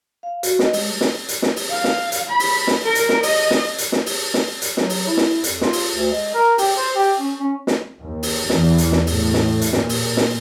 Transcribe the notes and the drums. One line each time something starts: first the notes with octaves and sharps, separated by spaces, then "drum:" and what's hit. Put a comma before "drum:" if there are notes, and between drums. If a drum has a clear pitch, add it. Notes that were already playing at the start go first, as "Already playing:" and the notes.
F5
F#4, drum: hi-hat
D#5, drum: snare
G#3, drum: open hi-hat
drum: snare
drum: hi-hat
drum: snare
drum: open hi-hat
F5
drum: snare
drum: hi-hat
B5
drum: open hi-hat
drum: snare
A#4
drum: hi-hat
drum: snare
D#5, drum: open hi-hat
drum: snare
drum: hi-hat
drum: snare
drum: open hi-hat
drum: snare
drum: hi-hat
F#3, drum: snare
drum: open hi-hat
E4
drum: snare
F2, drum: hi-hat
F4, drum: snare
drum: open hi-hat
D2
G#3
A#4
G4, drum: open hi-hat
C5
G4
C#4
C#4
drum: snare
D#2
drum: open hi-hat
E2, drum: snare
drum: hi-hat
drum: snare
A2, drum: open hi-hat
drum: snare
drum: hi-hat
A#2, drum: snare
drum: open hi-hat
drum: snare